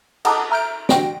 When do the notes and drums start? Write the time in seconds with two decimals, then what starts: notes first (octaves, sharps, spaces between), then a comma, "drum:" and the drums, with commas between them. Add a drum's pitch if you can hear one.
0.25 D#5 F#5 A5 A#5 D6 D#6, drum: cymbal
0.51 E5 A#5 F6 G6 D7
0.89 D3 F#4 G5 A#6 D7, drum: snare